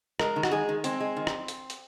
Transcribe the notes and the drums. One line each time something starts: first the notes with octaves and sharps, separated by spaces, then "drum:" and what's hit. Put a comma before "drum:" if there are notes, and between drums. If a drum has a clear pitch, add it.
G#3 A#4, drum: rim click
D#3
F#4, drum: rim click
G#3 G#4
D#3
G#3 C4, drum: hi-hat
G#3
D#3
drum: rim click
drum: hi-hat
drum: hi-hat